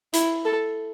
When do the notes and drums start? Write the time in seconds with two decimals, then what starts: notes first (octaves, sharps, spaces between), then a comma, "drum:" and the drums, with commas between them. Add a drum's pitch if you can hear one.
0.13 E4, drum: hi-hat
0.45 A4